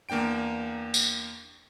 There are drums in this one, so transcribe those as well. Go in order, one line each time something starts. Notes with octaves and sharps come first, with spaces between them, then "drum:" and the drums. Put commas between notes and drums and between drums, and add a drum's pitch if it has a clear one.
E2 A#3 D4 G5 D7
drum: tambourine